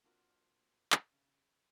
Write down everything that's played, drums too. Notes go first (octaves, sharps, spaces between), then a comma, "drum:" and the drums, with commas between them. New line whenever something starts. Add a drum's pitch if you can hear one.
A#3 C4 D4 F4 F#4 A#4
drum: clap
C#3